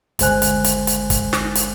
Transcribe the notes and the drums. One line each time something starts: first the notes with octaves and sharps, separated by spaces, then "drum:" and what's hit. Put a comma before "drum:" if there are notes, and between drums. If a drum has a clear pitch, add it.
G1 C#2 G#3 C5 G#5 F#6, drum: hi-hat
drum: hi-hat
drum: hi-hat
drum: hi-hat
drum: kick, hi-hat
drum: snare
drum: hi-hat